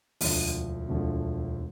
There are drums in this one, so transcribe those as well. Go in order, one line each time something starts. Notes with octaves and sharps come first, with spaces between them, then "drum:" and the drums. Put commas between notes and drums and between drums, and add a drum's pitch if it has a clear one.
E1 D2 D3 F3, drum: open hi-hat
E1 D2 D3 F3